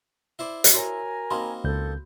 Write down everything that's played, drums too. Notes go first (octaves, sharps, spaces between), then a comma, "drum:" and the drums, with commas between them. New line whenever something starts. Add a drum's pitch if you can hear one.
E4 C5 D5
drum: hi-hat
F#4 A#4 C#5 G#5 A#5
A#3 C4 D#4 F#4 B5 C6
C#2 A4 G6